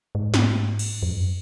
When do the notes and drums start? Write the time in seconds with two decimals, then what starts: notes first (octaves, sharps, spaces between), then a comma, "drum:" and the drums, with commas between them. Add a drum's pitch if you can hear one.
0.15 G#2
0.34 G#2, drum: snare A3
0.79 drum: cymbal
1.02 F2
1.12 F#2